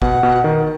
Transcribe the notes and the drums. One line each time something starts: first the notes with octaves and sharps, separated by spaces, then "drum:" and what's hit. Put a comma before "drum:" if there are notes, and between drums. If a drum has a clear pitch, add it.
B2 F#5, drum: kick
B2
D#3